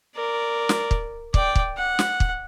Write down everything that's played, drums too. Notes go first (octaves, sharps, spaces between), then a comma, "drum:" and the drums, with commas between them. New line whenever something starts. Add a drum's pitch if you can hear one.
A#4 D5
drum: snare
drum: kick
D5 G5, drum: kick
drum: kick
F#5
drum: snare
drum: kick